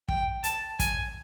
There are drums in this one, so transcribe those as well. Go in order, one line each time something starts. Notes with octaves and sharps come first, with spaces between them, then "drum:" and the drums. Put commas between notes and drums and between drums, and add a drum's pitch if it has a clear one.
G5, drum: kick
A5, drum: hi-hat
G#5, drum: kick, hi-hat